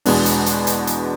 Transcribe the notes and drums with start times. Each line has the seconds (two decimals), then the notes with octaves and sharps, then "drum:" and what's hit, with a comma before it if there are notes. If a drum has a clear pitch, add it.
0.05 E2 B2 G#3 B3 D4, drum: open hi-hat
0.26 drum: hi-hat
0.46 drum: hi-hat
0.67 drum: hi-hat
0.87 drum: hi-hat